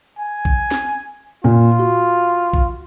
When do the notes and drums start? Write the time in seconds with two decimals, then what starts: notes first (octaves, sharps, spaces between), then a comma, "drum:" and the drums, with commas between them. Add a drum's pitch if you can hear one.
0.19 G#5
0.45 drum: kick A#1
0.71 drum: snare
1.44 A#2 F4
1.79 F#4
2.53 drum: kick A#1